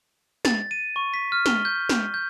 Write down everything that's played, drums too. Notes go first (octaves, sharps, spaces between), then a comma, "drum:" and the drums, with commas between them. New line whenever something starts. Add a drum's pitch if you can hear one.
A6, drum: snare
D#7
C#6
B6
F6
G7, drum: snare
G6
drum: snare
G6